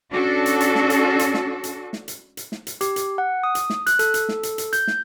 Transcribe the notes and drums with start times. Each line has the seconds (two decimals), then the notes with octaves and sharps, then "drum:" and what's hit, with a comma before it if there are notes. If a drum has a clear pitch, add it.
0.11 C#4 D4 F#4 A4
0.46 drum: hi-hat
0.60 drum: hi-hat
0.75 drum: snare
0.90 drum: hi-hat
1.19 drum: hi-hat
1.34 drum: snare
1.64 drum: hi-hat
1.93 drum: snare
2.08 drum: hi-hat
2.37 drum: hi-hat
2.52 drum: snare
2.67 drum: hi-hat
2.81 G4, drum: hi-hat
2.96 drum: hi-hat
3.18 F#5
3.43 D#6
3.55 drum: hi-hat
3.70 drum: snare
3.87 F#6, drum: hi-hat
3.99 A4, drum: hi-hat
4.14 drum: hi-hat
4.29 drum: snare
4.43 drum: hi-hat
4.58 drum: hi-hat
4.73 G6, drum: hi-hat
4.87 drum: snare